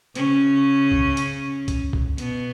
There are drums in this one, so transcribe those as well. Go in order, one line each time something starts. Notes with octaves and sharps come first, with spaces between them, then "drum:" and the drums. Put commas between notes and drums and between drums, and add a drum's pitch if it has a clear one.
C#3 C#4, drum: hi-hat
drum: kick C2
drum: hi-hat
drum: kick C2, hi-hat
drum: kick C2
B2 B3, drum: hi-hat